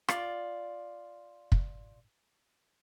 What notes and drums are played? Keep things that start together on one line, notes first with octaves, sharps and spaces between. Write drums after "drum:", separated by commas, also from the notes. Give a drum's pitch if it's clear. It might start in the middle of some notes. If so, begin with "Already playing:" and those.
F4 D5, drum: rim click
drum: kick